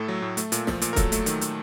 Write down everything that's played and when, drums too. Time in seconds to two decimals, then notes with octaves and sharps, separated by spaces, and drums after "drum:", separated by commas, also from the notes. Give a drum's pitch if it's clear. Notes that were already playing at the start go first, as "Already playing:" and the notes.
Already playing: A2 A3 A4
0.08 F#3
0.22 A2
0.37 A3, drum: hi-hat
0.52 A#2, drum: hi-hat
0.67 F3, drum: snare
0.82 A#2, drum: hi-hat
0.93 A#4
0.96 F#3 A4, drum: kick, hi-hat
1.12 A3, drum: hi-hat
1.26 D#3, drum: hi-hat
1.41 drum: hi-hat